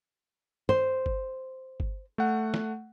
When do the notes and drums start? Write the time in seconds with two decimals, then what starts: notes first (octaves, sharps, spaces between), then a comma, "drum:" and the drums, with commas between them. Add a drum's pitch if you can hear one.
0.69 C5, drum: tom
1.06 drum: kick G1
1.80 drum: kick G1
2.18 A3 F#5
2.54 drum: snare